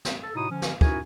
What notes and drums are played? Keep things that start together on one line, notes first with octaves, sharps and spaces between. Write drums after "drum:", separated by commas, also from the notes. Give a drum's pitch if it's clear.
drum: snare
A4
A2 C3 D#4 E4 F#4 D#6
D3 F3 C#4
drum: snare
C#4 D#4 E4 F#4 A#4 G#5, drum: kick